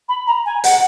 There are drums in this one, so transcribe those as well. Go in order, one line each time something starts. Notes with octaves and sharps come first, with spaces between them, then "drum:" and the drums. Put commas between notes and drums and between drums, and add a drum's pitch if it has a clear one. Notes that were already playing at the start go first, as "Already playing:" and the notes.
B5
A#5
G#5
F#5, drum: hi-hat